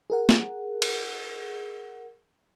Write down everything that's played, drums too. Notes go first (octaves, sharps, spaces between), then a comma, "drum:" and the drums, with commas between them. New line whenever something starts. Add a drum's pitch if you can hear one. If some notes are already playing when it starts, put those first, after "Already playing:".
G#4 A#4 F#5
drum: snare
drum: cymbal